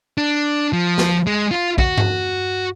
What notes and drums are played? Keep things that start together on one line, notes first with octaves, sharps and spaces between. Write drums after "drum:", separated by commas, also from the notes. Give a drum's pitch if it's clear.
D4
F3
drum: snare
G#3
F4
F#4, drum: kick
drum: tom G2